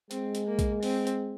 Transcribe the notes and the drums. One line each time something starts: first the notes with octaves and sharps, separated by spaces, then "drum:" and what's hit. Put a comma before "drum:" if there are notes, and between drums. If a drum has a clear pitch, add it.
G#3 C4, drum: hi-hat
drum: hi-hat
A#3
drum: kick, hi-hat
C4, drum: open hi-hat
drum: hi-hat